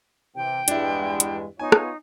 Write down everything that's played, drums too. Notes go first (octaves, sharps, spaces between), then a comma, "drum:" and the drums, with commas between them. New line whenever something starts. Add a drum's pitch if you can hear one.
C3 E3 G5
E2 G2 G#3 D4 E4, drum: hi-hat
drum: hi-hat
B3 D#4 F4 C#5 G#5
drum: rim click